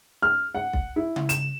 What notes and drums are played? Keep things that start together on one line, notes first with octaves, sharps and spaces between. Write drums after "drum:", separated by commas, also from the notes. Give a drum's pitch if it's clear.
F6
F#5
drum: kick B1
E4
drum: tom C#3
E7, drum: hi-hat